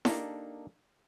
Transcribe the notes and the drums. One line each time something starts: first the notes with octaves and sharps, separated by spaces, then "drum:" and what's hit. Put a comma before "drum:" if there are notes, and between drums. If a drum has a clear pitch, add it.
A#3 D4 D#4 G4 A4, drum: snare E4